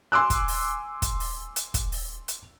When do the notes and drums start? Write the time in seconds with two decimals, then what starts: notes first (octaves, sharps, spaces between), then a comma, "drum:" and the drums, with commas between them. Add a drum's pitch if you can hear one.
0.12 G#5 C6 D6 E6 F#6
0.30 drum: kick, hi-hat
0.48 drum: open hi-hat
1.02 drum: kick, hi-hat
1.20 drum: open hi-hat
1.56 drum: hi-hat
1.74 drum: kick, hi-hat
1.92 drum: open hi-hat
2.28 drum: hi-hat